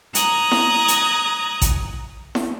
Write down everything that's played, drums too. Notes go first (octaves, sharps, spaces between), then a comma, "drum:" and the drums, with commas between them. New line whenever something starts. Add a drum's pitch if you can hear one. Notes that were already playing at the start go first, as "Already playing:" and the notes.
A#5 D#6 F#6 G#6, drum: hi-hat
drum: snare E4
drum: hi-hat
drum: kick A1, hi-hat
drum: snare E4